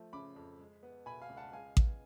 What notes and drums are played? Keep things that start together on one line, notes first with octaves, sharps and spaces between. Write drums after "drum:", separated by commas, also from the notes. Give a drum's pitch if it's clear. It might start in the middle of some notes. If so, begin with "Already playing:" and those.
Already playing: F3 A3
C#3 B5 D6
F2
G#3
B3
B2 G#5 B5
F5 G#5
C#2
F#5 A5
G#3 F5 G#5
B3, drum: kick A1